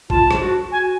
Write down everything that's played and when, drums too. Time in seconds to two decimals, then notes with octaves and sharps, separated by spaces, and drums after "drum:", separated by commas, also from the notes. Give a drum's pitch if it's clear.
0.10 F4 A5, drum: kick
0.31 drum: rim click
0.41 F#4
0.72 F#4 G#5